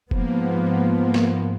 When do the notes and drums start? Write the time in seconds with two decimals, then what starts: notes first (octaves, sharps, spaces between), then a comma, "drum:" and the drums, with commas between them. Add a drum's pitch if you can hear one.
0.11 G#2 F3 A#3 B3, drum: kick F1
0.93 A#3
1.14 drum: snare